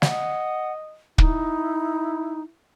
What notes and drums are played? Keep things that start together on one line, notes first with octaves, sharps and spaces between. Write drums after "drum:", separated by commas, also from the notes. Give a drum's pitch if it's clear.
D#5 F#5, drum: snare
D#4 E4, drum: kick